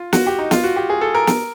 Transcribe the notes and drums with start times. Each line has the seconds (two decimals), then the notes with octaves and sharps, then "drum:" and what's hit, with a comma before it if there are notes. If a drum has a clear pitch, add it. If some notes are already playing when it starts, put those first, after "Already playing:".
Already playing: F4
0.13 F#4, drum: snare
0.26 G4
0.39 D#4
0.51 F4, drum: snare
0.64 F#4
0.76 G4
0.90 G#4
1.01 A4
1.14 A#4
1.27 drum: snare